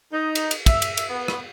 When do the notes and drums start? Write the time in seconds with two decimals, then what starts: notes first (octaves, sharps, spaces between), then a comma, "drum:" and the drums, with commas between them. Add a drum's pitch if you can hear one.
0.13 D#4
0.35 drum: cymbal
0.51 drum: cymbal
0.66 E5, drum: kick, cymbal
0.82 drum: cymbal
0.97 drum: cymbal
1.10 B3
1.28 drum: rim click